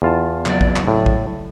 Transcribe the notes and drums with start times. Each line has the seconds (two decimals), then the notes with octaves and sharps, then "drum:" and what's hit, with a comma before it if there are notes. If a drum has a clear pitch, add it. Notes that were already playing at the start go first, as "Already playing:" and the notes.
0.02 E2 F4 A5
0.46 C#3 F#3 D5, drum: clap
0.61 drum: kick
0.76 drum: clap
0.88 A2
1.06 drum: kick